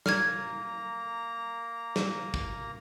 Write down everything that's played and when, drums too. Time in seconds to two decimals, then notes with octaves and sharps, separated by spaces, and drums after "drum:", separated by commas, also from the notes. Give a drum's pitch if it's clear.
0.06 A#3 A#5 F6 G#6, drum: snare
1.96 drum: snare
2.34 drum: kick